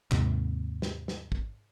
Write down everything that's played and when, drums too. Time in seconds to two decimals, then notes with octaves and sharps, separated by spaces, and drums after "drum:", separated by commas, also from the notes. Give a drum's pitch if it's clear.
0.11 D#2 G#2 C3, drum: clap
0.82 drum: snare
1.08 drum: snare
1.32 drum: kick